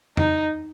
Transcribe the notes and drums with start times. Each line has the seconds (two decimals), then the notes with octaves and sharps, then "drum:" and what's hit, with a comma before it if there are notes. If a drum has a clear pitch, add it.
0.17 D#4, drum: tom F2